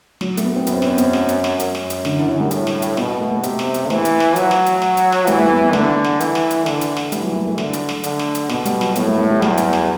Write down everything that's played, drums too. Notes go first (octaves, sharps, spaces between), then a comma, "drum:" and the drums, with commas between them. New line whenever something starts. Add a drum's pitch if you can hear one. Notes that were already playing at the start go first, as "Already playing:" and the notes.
F#3, drum: snare
A3, drum: hi-hat
B3
C4
F#2 B3, drum: hi-hat
C4, drum: snare
B3, drum: hi-hat
drum: snare
drum: hi-hat
drum: snare
F#2, drum: hi-hat
drum: snare
drum: hi-hat
D3, drum: snare
E3
D3
G3
A2, drum: hi-hat
drum: snare
drum: hi-hat
B2 B3, drum: snare
A3
A3
C3 B3, drum: hi-hat
drum: snare
drum: hi-hat
E3 A3, drum: snare
drum: hi-hat
drum: snare
F#3, drum: hi-hat
drum: snare
drum: hi-hat
drum: snare
drum: hi-hat
drum: snare
E3 G3, drum: hi-hat
A3
B3
B3
D3 A3, drum: snare
drum: snare
E3, drum: hi-hat
drum: snare
drum: hi-hat
D3, drum: snare
drum: hi-hat
drum: snare
E3 G3, drum: hi-hat
F#3
A3
A3
D3, drum: snare
drum: hi-hat
drum: snare
D3, drum: hi-hat
drum: snare
drum: hi-hat
B2 B3, drum: snare
G3, drum: hi-hat
F#3, drum: snare
A2 B3, drum: hi-hat
A3
A3
G3
E2 F#3, drum: snare
drum: hi-hat
drum: snare